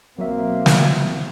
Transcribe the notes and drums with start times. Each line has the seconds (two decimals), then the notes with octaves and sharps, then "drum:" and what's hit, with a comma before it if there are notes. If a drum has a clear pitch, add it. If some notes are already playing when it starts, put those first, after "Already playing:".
0.19 B1 F#3 A#3 C4 F#4 E5
0.66 drum: snare